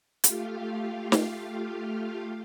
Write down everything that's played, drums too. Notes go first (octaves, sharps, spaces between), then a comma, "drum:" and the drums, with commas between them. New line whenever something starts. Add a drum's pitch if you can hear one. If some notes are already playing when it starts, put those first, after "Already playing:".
A3 F4 G4 F5, drum: hi-hat
drum: snare